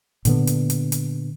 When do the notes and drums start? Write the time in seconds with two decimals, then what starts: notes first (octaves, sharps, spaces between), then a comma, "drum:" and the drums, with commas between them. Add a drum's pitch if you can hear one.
0.25 A#2 D3 B3, drum: hi-hat
0.47 drum: hi-hat
0.70 drum: hi-hat
0.92 drum: hi-hat